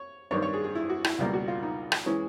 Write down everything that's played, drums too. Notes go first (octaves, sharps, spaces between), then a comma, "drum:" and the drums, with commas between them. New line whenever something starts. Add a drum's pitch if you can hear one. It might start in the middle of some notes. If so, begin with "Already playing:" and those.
Already playing: C#5
G2 D#3 G3 C4 C#5
C#5
G#4
G#4
E4
F#4
E4, drum: rim click
C#2 B2 G3 A#3 F4
F#4
F4
D#4
drum: rim click
E3 G#3 C#4